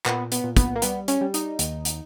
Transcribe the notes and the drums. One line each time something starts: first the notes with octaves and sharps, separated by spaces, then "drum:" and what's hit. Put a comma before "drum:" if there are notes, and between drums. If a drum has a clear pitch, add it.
A#2 B3, drum: clap
B3, drum: hi-hat
A#2
B3, drum: kick, hi-hat
A#3
G3 B3, drum: hi-hat
C#4, drum: hi-hat
G3
D#4, drum: hi-hat
D#2, drum: hi-hat
drum: hi-hat